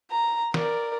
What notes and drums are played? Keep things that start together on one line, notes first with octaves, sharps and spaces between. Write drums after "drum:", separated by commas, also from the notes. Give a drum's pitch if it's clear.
A#5
A#4 D5, drum: snare